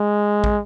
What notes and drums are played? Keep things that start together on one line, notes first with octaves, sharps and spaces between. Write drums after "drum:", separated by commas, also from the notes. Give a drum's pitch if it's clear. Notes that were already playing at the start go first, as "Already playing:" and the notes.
Already playing: G#3
drum: kick